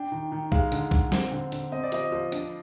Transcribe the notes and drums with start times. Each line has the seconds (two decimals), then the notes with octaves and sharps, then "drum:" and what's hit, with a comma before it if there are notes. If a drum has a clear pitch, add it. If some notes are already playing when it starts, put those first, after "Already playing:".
Already playing: D4 G5
0.12 D#3
0.32 D#3
0.52 G#3 F5, drum: kick
0.72 D3, drum: hi-hat
0.91 D3, drum: kick
1.12 C4, drum: snare
1.32 D3
1.52 D3, drum: hi-hat
1.72 C4 D#5
1.83 D5
1.92 F3 D#5, drum: hi-hat
2.12 F3
2.32 D4, drum: hi-hat